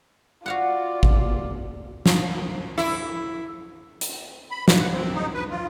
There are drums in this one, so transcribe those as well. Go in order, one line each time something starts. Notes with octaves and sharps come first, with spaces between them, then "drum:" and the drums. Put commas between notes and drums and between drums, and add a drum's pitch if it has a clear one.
F4 F#4 D5 F5 F#5
drum: kick G#1
drum: snare
E4, drum: rim click
drum: hi-hat
B5
B4, drum: snare
F#5
C4
D#4
B4
F4